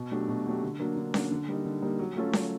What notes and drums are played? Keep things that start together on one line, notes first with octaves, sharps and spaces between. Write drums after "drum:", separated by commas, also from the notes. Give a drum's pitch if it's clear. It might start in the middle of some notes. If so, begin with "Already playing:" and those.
Already playing: B2
F#3 A3 D4 G4
B2
F#3 A3 D4 G4
D3
F#3 A#3 D4
D3
F#3 A#3 D4, drum: snare C#4
D3
G3 A#3 D#4
D3
G3 A#3 D#4
F#3
A3 C#4 F4 A4
F#3, drum: snare C#4